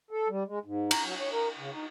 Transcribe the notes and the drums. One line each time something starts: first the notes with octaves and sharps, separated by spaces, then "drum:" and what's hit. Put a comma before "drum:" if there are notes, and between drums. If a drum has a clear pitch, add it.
A4
G3
G#3
G#2
A#5, drum: cymbal
F#3
C#5
A#4
C#3
D#4